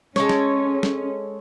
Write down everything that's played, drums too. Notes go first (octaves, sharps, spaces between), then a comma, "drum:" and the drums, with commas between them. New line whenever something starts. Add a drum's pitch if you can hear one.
G#3 C#4 A4 C#5, drum: snare
drum: snare
drum: snare